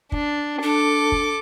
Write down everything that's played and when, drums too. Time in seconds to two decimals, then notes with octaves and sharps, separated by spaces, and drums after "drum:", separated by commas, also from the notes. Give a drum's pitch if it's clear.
0.12 D4, drum: kick
0.63 D4 A4 D6
1.12 drum: kick